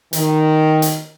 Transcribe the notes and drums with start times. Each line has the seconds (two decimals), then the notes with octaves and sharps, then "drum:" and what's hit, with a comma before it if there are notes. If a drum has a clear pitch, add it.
0.13 D#3, drum: hi-hat
0.82 drum: hi-hat